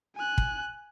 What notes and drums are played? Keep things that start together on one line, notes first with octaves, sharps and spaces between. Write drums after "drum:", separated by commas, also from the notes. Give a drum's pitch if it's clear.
G#5 F#6
drum: kick